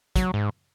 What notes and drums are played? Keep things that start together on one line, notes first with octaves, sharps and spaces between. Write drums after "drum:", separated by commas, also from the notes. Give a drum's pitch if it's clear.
F#3, drum: kick, hi-hat
G#2